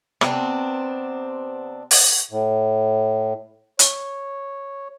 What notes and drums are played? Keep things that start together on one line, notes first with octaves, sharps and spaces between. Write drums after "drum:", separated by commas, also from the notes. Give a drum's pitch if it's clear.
C3 B3 C4 D4, drum: rim click
drum: open hi-hat
A2
C#5, drum: hi-hat